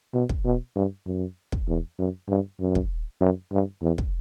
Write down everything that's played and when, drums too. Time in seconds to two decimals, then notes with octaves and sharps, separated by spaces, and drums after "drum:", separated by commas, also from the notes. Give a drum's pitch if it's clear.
0.14 B2
0.29 drum: kick
0.45 B2
0.76 G2
1.06 F#2
1.52 drum: kick
1.68 E2
1.99 F#2
2.29 G2
2.60 F#2
2.75 drum: kick
3.21 F#2
3.52 G2
3.82 E2
3.98 drum: kick